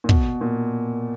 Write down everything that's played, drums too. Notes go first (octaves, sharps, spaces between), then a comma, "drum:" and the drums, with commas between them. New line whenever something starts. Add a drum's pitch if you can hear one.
A#2
B2, drum: kick
A#2